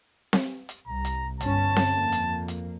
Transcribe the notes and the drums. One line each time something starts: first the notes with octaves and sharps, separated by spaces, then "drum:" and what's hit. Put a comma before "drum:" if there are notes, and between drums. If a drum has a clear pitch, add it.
drum: snare C4
drum: hi-hat
C2 A#5
drum: hi-hat
G1 C#4 A5, drum: hi-hat
drum: snare C4
F2 A#3
drum: hi-hat
drum: hi-hat